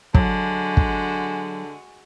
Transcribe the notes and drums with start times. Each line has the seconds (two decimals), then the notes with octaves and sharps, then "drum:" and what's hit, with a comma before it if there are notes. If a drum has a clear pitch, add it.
0.14 D3 F#3 G#3 F#4, drum: kick
0.77 drum: kick